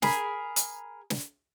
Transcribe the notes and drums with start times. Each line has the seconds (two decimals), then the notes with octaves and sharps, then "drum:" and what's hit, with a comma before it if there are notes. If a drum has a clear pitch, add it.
0.02 G#4 A#4 B5, drum: snare
0.56 drum: hi-hat
1.10 drum: snare